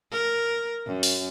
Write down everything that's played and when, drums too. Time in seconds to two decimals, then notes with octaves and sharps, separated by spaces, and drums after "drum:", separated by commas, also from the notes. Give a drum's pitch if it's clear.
0.12 A#4
0.87 F#2
1.03 drum: open hi-hat